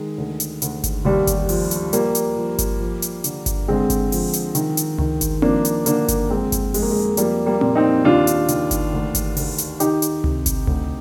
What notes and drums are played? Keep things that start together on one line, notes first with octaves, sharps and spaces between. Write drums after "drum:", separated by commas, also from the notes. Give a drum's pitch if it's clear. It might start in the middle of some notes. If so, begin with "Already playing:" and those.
Already playing: D#3 G#3
D2
drum: hi-hat
D2, drum: hi-hat
drum: kick G1, hi-hat
D#2 G3
drum: kick G1, hi-hat
F3, drum: open hi-hat
drum: hi-hat
F3 G3 A#3, drum: hi-hat
drum: hi-hat
F3
drum: kick G1, hi-hat
F3
drum: hi-hat
D3, drum: hi-hat
drum: kick G1, hi-hat
D3 G#3 C4
drum: kick G1, hi-hat
F3, drum: open hi-hat
drum: hi-hat
D#3, drum: hi-hat
drum: hi-hat
D#3, drum: tom C#2
drum: kick G1, hi-hat
F3 A#3 D4, drum: tom C4
drum: hi-hat
D3 A#3 D4, drum: hi-hat
drum: kick G1, hi-hat
F2 G#3 C4
drum: kick G1, hi-hat
F2 G#3, drum: open hi-hat
A#3
G#3
F3 G3 A#3, drum: hi-hat
G3 A#3
A#2, drum: tom C4
C4 D#4
D#2 D4 F4
drum: hi-hat
D#3, drum: hi-hat
drum: kick G1, hi-hat
D2
drum: kick G1, hi-hat
D2, drum: open hi-hat
drum: hi-hat
D#3 D#4 G4, drum: hi-hat
drum: hi-hat
C3, drum: tom C#2
drum: kick G1, hi-hat
D2, drum: tom C#2